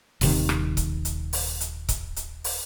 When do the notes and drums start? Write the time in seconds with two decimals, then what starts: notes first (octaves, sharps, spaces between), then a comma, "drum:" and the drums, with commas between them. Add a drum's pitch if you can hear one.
0.21 D#1 C3 D#3, drum: open hi-hat
0.49 drum: rim click
0.77 drum: kick C#1, hi-hat
1.05 drum: hi-hat
1.33 drum: open hi-hat
1.61 drum: hi-hat
1.89 drum: kick C#1, hi-hat
2.16 drum: hi-hat
2.44 drum: open hi-hat